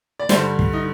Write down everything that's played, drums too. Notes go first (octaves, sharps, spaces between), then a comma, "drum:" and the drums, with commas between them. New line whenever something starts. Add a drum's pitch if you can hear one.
D5
G2 D3 G3 C5, drum: snare
drum: kick
D#4